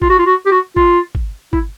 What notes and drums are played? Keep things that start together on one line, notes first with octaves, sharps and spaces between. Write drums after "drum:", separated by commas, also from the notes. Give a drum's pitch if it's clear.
F4, drum: kick
F#4
F4
F#4
G4
F#4
F4, drum: kick
drum: kick
E4, drum: kick